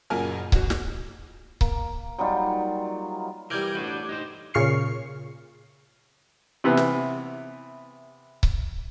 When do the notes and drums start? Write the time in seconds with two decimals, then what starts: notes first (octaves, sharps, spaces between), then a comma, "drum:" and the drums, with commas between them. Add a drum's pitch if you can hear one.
0.10 F#1 F#2 A#2 A#4 G#5 F6
0.52 A1 F#4, drum: kick C#1
0.70 drum: snare
1.61 A#3, drum: kick C#1
2.19 F#3 G3 D#4 F4
3.50 E3 G3 A#4 D6 G6 G#6
3.75 A1 D4 F#4 B4
4.09 D#4 G4 C5
4.54 A#2 C#3 C#6 F6 C7 C#7
6.64 C3 E3 B3
6.77 drum: snare
8.43 drum: kick C#1